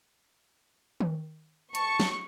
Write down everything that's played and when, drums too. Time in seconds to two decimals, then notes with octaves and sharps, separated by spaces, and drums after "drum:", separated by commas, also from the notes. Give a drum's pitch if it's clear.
1.00 drum: tom D#3
1.75 A5 C#6, drum: hi-hat
2.00 drum: snare